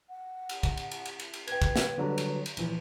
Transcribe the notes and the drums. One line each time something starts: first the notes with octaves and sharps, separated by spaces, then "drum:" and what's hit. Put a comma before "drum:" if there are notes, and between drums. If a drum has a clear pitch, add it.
F#5
drum: cymbal
drum: kick, cymbal
drum: cymbal
drum: cymbal
drum: cymbal
drum: cymbal
drum: cymbal
B4 G5 G#6, drum: cymbal
drum: kick, cymbal
drum: snare
D3 F#3 G3
drum: cymbal
drum: cymbal
A#1 E3, drum: cymbal